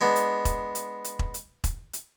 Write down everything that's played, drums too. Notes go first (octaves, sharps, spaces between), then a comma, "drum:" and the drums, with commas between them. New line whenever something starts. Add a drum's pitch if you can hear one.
G#3 B3 D4
drum: hi-hat
drum: kick E1, hi-hat
drum: hi-hat
drum: hi-hat
drum: kick E1
drum: hi-hat
drum: kick E1, hi-hat
drum: hi-hat